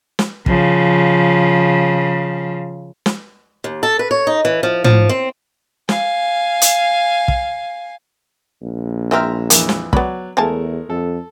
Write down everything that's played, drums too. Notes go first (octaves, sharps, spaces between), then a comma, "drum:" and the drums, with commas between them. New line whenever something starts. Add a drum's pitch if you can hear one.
drum: snare
C#3 F3, drum: kick
drum: snare
D#2
A4
B4
C#5
D#4
E3
F3
F3, drum: tom
C4
F5 G#5, drum: snare
drum: hi-hat
drum: kick
A#1
E3 G#3 C4 E5 A#5 F6
F2 E3 A#3, drum: hi-hat
drum: snare
F#3 B3 D5 B5, drum: kick
E2 G#3 A3 A#4 F5 G#5 A5
F2 A4